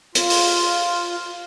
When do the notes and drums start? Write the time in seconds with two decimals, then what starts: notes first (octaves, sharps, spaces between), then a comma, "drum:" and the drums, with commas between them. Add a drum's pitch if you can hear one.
0.15 F4, drum: hi-hat
0.30 drum: open hi-hat